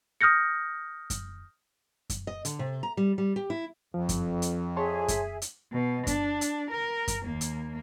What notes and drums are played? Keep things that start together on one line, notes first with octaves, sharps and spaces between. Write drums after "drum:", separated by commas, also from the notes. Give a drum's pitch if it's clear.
D#6 F6 G6 A#6 C#7
drum: kick F#2, hi-hat
drum: kick F#2, hi-hat
D#5
D3, drum: hi-hat
C3
A#5
G3
G3
G4
E4
F2 F3
drum: kick F#2, hi-hat
drum: hi-hat
G#4 C#5 E5 A5 C6
drum: kick F#2, hi-hat
drum: hi-hat
B2
D4, drum: kick F#2, hi-hat
drum: hi-hat
A#4
drum: kick F#2, hi-hat
D#2 A#3
drum: hi-hat